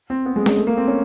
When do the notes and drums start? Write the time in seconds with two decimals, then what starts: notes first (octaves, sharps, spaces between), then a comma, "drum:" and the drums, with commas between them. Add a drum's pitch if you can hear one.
0.10 C4
0.26 B3
0.36 G#3
0.46 G#3, drum: snare C#4
0.57 A3
0.67 A#3
0.77 C4
0.88 C#4